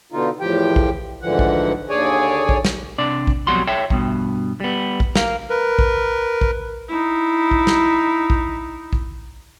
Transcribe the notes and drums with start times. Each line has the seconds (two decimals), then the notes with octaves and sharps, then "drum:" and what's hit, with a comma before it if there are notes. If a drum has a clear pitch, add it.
0.12 B2 D3 D#4 F4
0.40 E2 A2 F3 G4 G5
0.76 drum: kick
1.22 D2 G#2 D3 E3 F3 F#5
1.39 drum: kick
1.90 D#2 D3 G#4 C#5 D5 G#5
2.49 drum: kick
2.65 drum: snare
2.98 C3 D4 D5
3.27 drum: kick
3.47 F2 B2 F#3 G3 F#4 C6
3.67 C#5 E5 G5
3.90 G2 B2, drum: kick
4.60 G3 B3
5.00 drum: kick
5.16 A#4 F5, drum: snare
5.50 A#4 B4
5.79 drum: kick
6.41 drum: kick
6.88 D#4 E4
7.51 drum: kick
7.67 drum: snare
8.30 drum: kick
8.93 drum: kick